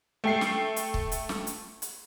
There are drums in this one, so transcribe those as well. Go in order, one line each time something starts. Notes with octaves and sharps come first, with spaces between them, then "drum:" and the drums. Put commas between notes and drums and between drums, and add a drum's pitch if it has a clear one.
A3 G5 C7
drum: snare
drum: hi-hat
drum: kick
drum: hi-hat
drum: snare
drum: hi-hat
drum: hi-hat